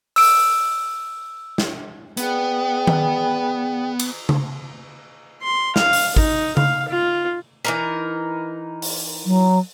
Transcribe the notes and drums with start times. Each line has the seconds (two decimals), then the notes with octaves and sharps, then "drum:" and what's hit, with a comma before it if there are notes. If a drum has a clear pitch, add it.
0.16 E6 D7, drum: open hi-hat
1.58 drum: snare
2.17 B3 G#4 D5 G5, drum: hi-hat
2.87 drum: tom D#3
4.00 drum: cymbal
4.29 drum: tom C#3
5.42 C6
5.76 F5, drum: snare
5.93 drum: open hi-hat
6.16 D#4, drum: kick G#1
6.57 F5, drum: tom C#3
6.89 F4
7.65 E3 D#4 A#4
8.82 drum: open hi-hat
9.26 F#3